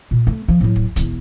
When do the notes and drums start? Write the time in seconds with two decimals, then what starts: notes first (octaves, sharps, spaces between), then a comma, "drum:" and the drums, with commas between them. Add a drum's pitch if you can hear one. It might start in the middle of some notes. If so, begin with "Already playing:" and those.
0.11 A#2
0.27 A3
0.48 D3 F3
0.61 A2 F#3
0.76 drum: kick
0.96 E1 E2, drum: kick, hi-hat